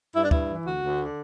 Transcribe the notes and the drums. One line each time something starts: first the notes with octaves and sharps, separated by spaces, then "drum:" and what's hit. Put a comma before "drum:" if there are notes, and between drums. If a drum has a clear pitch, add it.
G2 E4
D4
G2 E4, drum: kick
E3
D2 F#4
D2
D3